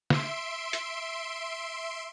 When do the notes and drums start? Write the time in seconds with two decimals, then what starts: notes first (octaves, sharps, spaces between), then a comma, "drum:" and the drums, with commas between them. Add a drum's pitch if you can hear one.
0.10 E5 C6 D7, drum: snare
0.73 drum: hi-hat